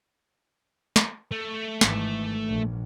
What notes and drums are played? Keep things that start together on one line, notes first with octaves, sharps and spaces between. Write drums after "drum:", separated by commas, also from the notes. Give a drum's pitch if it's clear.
drum: snare
A3
G#1 E3, drum: snare
A#1